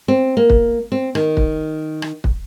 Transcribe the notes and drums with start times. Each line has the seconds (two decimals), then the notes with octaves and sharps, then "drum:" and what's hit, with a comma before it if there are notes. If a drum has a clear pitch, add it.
0.08 C4
0.37 A#3
0.50 drum: kick
0.92 C4
1.15 D#3, drum: rim click
1.37 drum: kick
2.02 drum: rim click
2.24 drum: kick